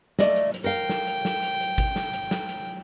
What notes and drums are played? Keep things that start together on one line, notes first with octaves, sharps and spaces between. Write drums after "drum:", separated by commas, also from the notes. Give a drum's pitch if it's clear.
A3 D5 D#5, drum: snare
drum: hi-hat
drum: hi-hat
A#4 F5 G5
drum: snare
drum: hi-hat
drum: snare
drum: hi-hat
drum: hi-hat
drum: kick, hi-hat
drum: snare
drum: hi-hat
drum: snare
drum: hi-hat